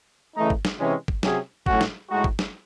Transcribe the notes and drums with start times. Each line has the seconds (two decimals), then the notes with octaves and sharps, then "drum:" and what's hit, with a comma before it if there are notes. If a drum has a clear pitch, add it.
0.36 C#3 E3 A3 D#4
0.50 drum: kick
0.65 drum: snare
0.79 C3 E3 G#3 C#4
1.08 drum: kick
1.23 C3 F#3 C#4 G#4, drum: snare
1.66 A2 F#3 A3 C#4 F#4, drum: kick
1.81 drum: snare
2.10 A2 G#3 D#4 F#4
2.24 drum: kick
2.39 drum: snare